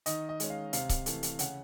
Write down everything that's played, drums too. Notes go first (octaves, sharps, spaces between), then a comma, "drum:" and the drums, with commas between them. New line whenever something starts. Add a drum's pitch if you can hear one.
D#3 D#5, drum: hi-hat
D#5
G#3 C#4, drum: hi-hat
F5
C3 F5, drum: hi-hat
drum: kick C#1, hi-hat
E3 A3, drum: hi-hat
drum: hi-hat
C#3 F#5, drum: hi-hat